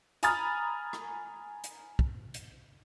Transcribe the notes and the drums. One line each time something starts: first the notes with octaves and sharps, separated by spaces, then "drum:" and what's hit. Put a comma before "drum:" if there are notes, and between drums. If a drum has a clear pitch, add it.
G#5 A#5 B5 D#6 F6 A6, drum: hi-hat
drum: rim click
drum: hi-hat
drum: kick
drum: hi-hat